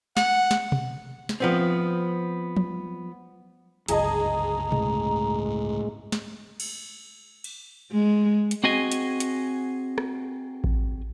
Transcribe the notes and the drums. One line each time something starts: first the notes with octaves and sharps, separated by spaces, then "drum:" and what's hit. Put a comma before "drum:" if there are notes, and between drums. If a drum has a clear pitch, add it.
F#5, drum: snare
drum: snare
drum: tom B2
drum: snare
F3 B3 C4
drum: tom F3
G1 C#2 F#2 G#4 D#5 A5 A#5, drum: hi-hat
A2 G#3, drum: tom B2
drum: snare
drum: cymbal
drum: cymbal
G#3
drum: hi-hat
C4 F#4 G#4 D#5 G#5
drum: hi-hat
drum: hi-hat
drum: rim click
drum: kick A1